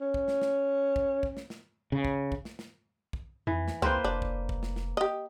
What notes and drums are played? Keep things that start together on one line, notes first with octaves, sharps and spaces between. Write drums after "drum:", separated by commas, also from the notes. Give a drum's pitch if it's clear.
C#4
drum: kick
drum: snare
drum: snare
drum: kick
drum: kick
drum: snare
drum: snare
C#3
drum: kick
drum: kick
drum: snare
drum: snare
drum: kick
F2 E3
drum: snare
C#2 A#3 C4 B4 C5
F1 D4
drum: kick
drum: kick
drum: snare
drum: snare
G4 D#5